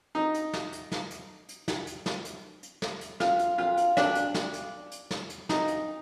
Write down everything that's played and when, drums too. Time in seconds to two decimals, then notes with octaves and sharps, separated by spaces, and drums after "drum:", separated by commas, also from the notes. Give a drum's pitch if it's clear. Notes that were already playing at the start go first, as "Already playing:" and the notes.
0.15 D#4
0.34 drum: hi-hat
0.53 drum: snare
0.73 drum: hi-hat
0.92 drum: snare
1.11 drum: hi-hat
1.49 drum: hi-hat
1.68 drum: snare
1.87 drum: hi-hat
2.06 drum: snare
2.25 drum: hi-hat
2.63 drum: hi-hat
2.82 drum: snare
3.01 drum: hi-hat
3.20 F4, drum: snare
3.39 drum: hi-hat
3.58 F4
3.77 drum: hi-hat
3.97 D4, drum: snare
4.15 drum: hi-hat
4.34 drum: snare
4.53 drum: hi-hat
4.92 drum: hi-hat
5.11 drum: snare
5.30 drum: hi-hat
5.49 D#4, drum: snare
5.68 drum: hi-hat